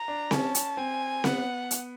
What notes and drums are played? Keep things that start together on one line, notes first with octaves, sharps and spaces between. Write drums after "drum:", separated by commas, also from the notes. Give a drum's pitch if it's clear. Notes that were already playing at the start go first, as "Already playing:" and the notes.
Already playing: A#5
D4
C#4 A5, drum: snare C4
drum: hi-hat
C4 G#5
B3 F#5, drum: snare C4
drum: hi-hat